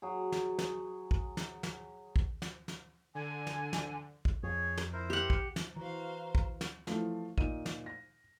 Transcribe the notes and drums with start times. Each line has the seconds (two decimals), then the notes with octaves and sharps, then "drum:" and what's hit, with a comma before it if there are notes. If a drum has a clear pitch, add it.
0.02 F#3 G#4
0.32 drum: snare
0.59 drum: snare
1.11 drum: kick
1.37 drum: snare
1.63 drum: snare
2.16 drum: kick
2.42 drum: snare
2.68 drum: snare
3.15 D3 G#5
3.47 drum: snare
3.73 drum: snare
4.25 drum: kick
4.43 F2 G#4 C#5
4.78 drum: snare
4.93 E4 A#4 C5
5.10 G4 F#5
5.30 drum: kick
5.56 drum: snare
5.76 E3 F#4 C5 F5 A#5
6.35 drum: kick
6.61 drum: snare
6.87 E3 F3 A3 F4, drum: snare
7.38 A#2 D#4 D#7, drum: kick
7.66 drum: snare
7.86 A#6